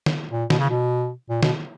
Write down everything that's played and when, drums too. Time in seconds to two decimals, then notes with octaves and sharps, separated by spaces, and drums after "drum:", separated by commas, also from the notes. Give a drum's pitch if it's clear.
0.06 drum: snare
0.31 A#2
0.50 B2, drum: snare
0.59 C#3
0.70 B2
1.30 A#2
1.43 B2, drum: snare